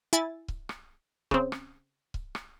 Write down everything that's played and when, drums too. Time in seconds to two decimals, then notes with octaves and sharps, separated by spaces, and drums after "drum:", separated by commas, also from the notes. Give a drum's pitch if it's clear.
0.13 E4 G#5 A6
0.48 drum: kick C#1
0.69 drum: rim click
1.31 C#3 C4, drum: kick C#1
1.52 drum: rim click
2.14 drum: kick C#1
2.35 drum: rim click